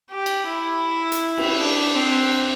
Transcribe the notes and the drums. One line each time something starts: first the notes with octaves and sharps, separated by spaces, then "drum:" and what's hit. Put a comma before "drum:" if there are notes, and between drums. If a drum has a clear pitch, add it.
G4
drum: cymbal
E4
drum: hi-hat
drum: cymbal
D4
C4